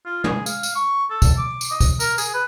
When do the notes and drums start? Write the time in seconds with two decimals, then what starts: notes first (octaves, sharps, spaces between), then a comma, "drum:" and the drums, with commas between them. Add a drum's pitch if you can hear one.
0.06 F4
0.24 G#4, drum: tom
0.46 F5, drum: tambourine
0.63 drum: tambourine
0.75 C#6
1.10 A4
1.22 drum: kick, tambourine
1.38 D6
1.61 drum: tambourine
1.71 D#5
1.81 drum: kick, tambourine
2.00 A#4, drum: tambourine
2.18 G#4, drum: tambourine
2.34 B4